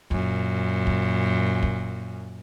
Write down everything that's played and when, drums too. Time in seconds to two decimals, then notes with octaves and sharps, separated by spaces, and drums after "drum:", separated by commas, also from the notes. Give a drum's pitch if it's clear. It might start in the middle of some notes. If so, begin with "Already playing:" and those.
0.11 F#2 A#2, drum: kick
0.87 drum: kick
1.63 drum: kick